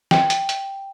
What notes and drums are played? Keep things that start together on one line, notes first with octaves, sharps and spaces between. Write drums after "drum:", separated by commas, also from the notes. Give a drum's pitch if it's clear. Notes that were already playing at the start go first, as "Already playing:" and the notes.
G5, drum: snare
drum: hi-hat
drum: hi-hat